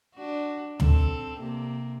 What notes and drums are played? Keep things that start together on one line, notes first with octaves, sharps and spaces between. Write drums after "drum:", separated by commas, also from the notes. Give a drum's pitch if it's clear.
D4 F#4
C4 A4, drum: tom
C3 A#3